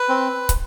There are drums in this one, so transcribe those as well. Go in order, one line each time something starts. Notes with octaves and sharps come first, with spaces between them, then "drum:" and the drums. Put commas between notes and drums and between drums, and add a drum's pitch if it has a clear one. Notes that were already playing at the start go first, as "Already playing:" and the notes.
Already playing: B4
C4
drum: kick, hi-hat